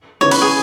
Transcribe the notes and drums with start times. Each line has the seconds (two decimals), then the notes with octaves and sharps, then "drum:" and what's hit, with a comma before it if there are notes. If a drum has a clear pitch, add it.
0.21 C#3 E3 B3 D#4 C#5
0.31 B4, drum: open hi-hat
0.42 G#4